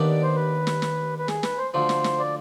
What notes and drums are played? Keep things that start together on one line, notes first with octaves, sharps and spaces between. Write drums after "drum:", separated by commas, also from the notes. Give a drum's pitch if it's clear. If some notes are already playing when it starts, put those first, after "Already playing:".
Already playing: D#2 D#3 B3 D4 G4
D5
C5
B4
drum: snare
drum: snare
B4
G#4, drum: snare
B4, drum: snare
C5
D2 D3 F3 C5
drum: snare
drum: snare
D5